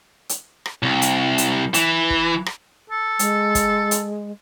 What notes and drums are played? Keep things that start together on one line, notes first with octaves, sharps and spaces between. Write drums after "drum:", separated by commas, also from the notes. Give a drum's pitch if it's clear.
drum: hi-hat
drum: rim click
C2
drum: hi-hat
drum: hi-hat
E3, drum: hi-hat
drum: kick
drum: rim click
A4
G#3, drum: hi-hat
drum: kick, hi-hat
drum: hi-hat